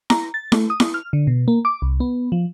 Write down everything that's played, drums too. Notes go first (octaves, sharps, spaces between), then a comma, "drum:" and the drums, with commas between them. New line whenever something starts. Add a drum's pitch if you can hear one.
A#5, drum: snare E4
A6
A3, drum: snare E4
D#6
drum: snare E4
F6
D3
B2
A#3
D6
C2
B3
F3